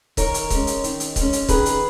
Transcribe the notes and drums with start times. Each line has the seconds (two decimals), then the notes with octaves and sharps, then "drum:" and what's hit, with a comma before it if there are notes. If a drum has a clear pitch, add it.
0.17 D#3 A#4 C#5, drum: kick C#1, hi-hat
0.34 drum: hi-hat
0.50 G#3 C#4, drum: kick C#1, hi-hat
0.67 drum: hi-hat
0.84 D#3, drum: hi-hat
1.00 drum: hi-hat
1.16 G#3, drum: kick C#1, hi-hat
1.21 C#4
1.33 drum: hi-hat
1.48 D#3 G#4 B4, drum: kick C#1, hi-hat
1.66 drum: hi-hat